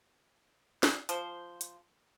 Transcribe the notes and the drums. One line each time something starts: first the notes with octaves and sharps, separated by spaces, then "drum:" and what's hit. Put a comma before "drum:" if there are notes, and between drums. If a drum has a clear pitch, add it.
drum: snare
F3 C5, drum: hi-hat
drum: hi-hat